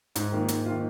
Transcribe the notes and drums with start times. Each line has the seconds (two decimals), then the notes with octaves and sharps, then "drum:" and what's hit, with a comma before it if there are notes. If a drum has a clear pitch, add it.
0.16 G#2, drum: hi-hat
0.32 D#3 A#3 F4
0.48 G#2, drum: hi-hat
0.66 D#3 A#3 F4